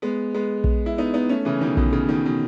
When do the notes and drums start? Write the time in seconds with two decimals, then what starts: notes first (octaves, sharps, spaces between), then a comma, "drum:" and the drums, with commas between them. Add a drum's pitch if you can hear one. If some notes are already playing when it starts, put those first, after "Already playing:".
0.02 G#3 B3
0.34 G#3 B3
0.64 drum: kick A#1
0.86 E4
0.98 B3 D#4
1.14 B3 D#4
1.29 A3 C#4
1.45 C#3 E3
1.61 B2 D#3
1.77 B2, drum: kick A#1
1.93 C#3
2.09 B2 D#3
2.25 B2